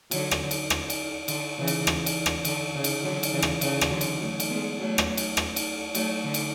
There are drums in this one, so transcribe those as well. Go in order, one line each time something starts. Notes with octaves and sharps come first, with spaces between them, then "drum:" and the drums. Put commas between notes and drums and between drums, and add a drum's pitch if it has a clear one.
D3 F#3, drum: cymbal
drum: rim click
drum: cymbal
drum: rim click
drum: cymbal
D3, drum: cymbal
C#3 E3
drum: cymbal
drum: rim click
drum: cymbal
drum: rim click
D3, drum: cymbal
C#3 E3
drum: cymbal
D3 F#3
drum: cymbal
C#3 E3
drum: rim click
C#3 E3, drum: cymbal
drum: rim click
D3 F#3
drum: cymbal
F#3 A3
drum: cymbal
G#3 B3
F#3 A3
drum: rim click
drum: cymbal
drum: rim click
drum: cymbal
F#3 A3, drum: cymbal
D3
drum: cymbal